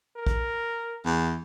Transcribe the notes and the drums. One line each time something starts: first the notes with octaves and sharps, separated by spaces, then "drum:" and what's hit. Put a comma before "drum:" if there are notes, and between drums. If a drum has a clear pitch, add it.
A#4
drum: kick A#1
E2